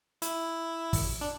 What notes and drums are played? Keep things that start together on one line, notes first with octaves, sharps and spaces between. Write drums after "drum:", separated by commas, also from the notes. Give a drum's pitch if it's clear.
E4, drum: hi-hat
drum: kick, open hi-hat
D4